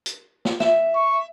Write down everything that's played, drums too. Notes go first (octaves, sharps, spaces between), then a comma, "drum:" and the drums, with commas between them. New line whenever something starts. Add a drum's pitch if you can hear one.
drum: hi-hat
drum: snare
E5, drum: snare
C#6